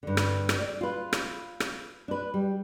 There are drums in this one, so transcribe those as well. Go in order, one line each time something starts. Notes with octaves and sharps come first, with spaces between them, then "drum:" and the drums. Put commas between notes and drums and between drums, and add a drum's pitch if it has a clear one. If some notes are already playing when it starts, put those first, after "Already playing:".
G2 D3
drum: rim click
drum: rim click
D5
F4 B4
drum: rim click
drum: rim click
D4 B4
G3